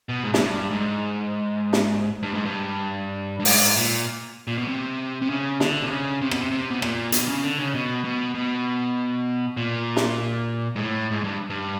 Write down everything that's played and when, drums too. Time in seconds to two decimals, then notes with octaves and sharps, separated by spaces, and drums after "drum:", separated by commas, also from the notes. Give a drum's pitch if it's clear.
0.09 B2
0.24 G#2
0.34 G#2, drum: snare
0.39 G2
0.71 G#2
1.73 drum: snare
2.23 G2
2.34 G#2
2.45 G2
3.40 G2
3.45 G#2, drum: open hi-hat
3.77 A#2
4.47 A#2
4.58 B2
4.68 C3
5.22 C3
5.30 C#3
5.60 D3, drum: snare
5.83 C3
5.90 C#3
6.21 C3
6.31 B2, drum: rim click
6.41 C3
6.51 C3
6.71 B2
6.82 A#2, drum: rim click
7.12 B2, drum: hi-hat
7.28 C#3
7.44 D3
7.59 C#3
7.74 B2
8.05 B2
8.35 B2
9.57 A#2
9.96 drum: snare
10.76 G#2
10.79 A2
11.11 G#2
11.24 G2
11.50 G2